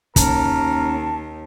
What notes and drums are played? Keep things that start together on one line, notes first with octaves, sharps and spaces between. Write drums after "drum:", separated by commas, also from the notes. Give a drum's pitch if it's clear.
D#2 C#4 A#4 A5, drum: kick, hi-hat